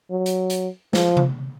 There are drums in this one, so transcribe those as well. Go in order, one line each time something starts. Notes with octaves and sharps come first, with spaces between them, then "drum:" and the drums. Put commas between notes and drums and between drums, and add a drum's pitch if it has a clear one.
F#3
drum: hi-hat
drum: hi-hat
F3, drum: snare
drum: tom C3